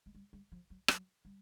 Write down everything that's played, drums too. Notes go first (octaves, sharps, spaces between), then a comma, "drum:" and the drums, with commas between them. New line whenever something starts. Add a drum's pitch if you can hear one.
G#3
G3
G3
F3
F#3
F#3, drum: rim click
G3